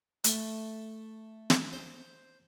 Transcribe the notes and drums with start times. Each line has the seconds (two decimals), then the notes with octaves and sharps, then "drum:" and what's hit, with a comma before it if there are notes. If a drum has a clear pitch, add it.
0.24 A3, drum: hi-hat
1.50 drum: snare
1.73 C5